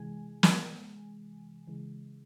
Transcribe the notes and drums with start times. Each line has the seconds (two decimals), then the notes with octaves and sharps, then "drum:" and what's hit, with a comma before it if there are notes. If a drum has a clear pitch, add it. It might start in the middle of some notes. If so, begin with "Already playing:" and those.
Already playing: C3 E3 G#3 G#5
0.43 drum: snare
1.67 C#3 E3 G#3